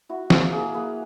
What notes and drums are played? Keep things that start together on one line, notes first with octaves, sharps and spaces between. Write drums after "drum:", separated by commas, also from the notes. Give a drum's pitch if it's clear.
E4 F#4
A#3 G#4, drum: snare
A#3 G#4
A#3 B4